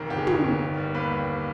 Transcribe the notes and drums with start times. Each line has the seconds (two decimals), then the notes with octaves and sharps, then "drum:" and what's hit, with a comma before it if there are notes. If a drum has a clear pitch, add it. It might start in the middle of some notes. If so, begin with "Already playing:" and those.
Already playing: F1 D#3
0.10 G1 G4
0.18 G#4
0.27 G1, drum: tom
0.44 G1
0.61 D#3
0.77 G3
0.95 D#2 B4
1.12 G3